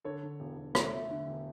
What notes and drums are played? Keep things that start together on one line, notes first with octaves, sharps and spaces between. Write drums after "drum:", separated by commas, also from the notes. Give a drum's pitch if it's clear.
D3 A4 C#5
D3
E1
E1
A3, drum: rim click
A3
D3
E1